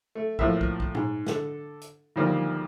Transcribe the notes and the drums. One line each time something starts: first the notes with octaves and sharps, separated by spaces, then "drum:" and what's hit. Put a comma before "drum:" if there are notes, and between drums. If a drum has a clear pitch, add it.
A3
A2 F3 A#3 E5, drum: kick
drum: kick
drum: kick
G#2, drum: tom A#2
D3 A4, drum: snare
drum: hi-hat
D2 D#3 F3 G3 A#3